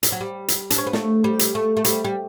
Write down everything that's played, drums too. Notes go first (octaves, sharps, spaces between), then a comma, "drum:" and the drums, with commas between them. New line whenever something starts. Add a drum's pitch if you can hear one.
G3, drum: hi-hat
F#3
G3
drum: hi-hat
D4, drum: hi-hat
C#4
B3
A3, drum: snare
G3
drum: hi-hat
A3
A3
G3, drum: hi-hat
G3